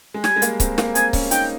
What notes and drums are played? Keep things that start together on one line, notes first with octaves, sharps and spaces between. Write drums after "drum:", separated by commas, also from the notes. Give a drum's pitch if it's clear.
G#3
G3 G#5, drum: snare
G#3
A#3, drum: hi-hat
C4, drum: kick C#1, hi-hat
A#3, drum: snare
C4 G#5, drum: hi-hat
C#4, drum: kick C#1, open hi-hat
D#4 G5, drum: hi-hat